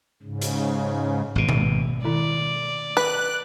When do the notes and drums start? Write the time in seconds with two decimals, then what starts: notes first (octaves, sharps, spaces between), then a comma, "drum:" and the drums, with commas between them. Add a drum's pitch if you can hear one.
0.22 G#2 C#3
0.42 drum: hi-hat
1.36 G#1 B2
1.49 drum: tom B2
2.05 D#3 E4 D5
2.97 B4 F#6